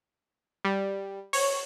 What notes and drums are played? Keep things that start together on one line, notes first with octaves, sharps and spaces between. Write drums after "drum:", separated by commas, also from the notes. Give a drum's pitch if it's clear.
G3
C#5, drum: open hi-hat